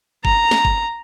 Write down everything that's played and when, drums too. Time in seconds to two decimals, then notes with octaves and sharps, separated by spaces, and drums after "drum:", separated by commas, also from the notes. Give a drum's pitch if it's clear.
0.25 A#5, drum: kick G1
0.51 drum: snare
0.65 drum: kick G1